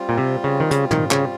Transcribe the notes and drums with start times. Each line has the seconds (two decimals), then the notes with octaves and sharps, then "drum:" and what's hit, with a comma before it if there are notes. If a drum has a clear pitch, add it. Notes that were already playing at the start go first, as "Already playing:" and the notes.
Already playing: G3 C4 F4
0.09 A#2
0.18 C3
0.44 C#3
0.60 D#3
0.71 C#3, drum: hi-hat
0.91 D#3, drum: tom
1.11 C#3, drum: clap